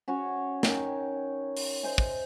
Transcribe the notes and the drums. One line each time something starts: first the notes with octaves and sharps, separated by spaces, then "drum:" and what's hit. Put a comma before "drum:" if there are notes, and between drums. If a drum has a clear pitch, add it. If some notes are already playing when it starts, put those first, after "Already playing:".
C#4 F#4 C#5
D#3 C#4 G5, drum: snare
drum: open hi-hat
C5 D#5 E5 G#5
drum: kick